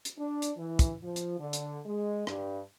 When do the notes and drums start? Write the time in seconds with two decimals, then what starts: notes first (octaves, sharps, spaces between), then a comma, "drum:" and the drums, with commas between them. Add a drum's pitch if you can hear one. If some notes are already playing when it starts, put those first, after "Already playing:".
0.05 drum: hi-hat
0.17 D4
0.42 drum: hi-hat
0.57 E3
0.79 drum: kick, hi-hat
1.02 F3
1.16 drum: hi-hat
1.38 D3
1.53 drum: hi-hat
1.86 G#3
2.27 G2, drum: rim click